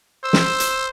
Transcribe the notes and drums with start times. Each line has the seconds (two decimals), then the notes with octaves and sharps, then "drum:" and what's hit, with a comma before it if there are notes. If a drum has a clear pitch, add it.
0.24 C5 E6
0.33 drum: snare
0.60 drum: hi-hat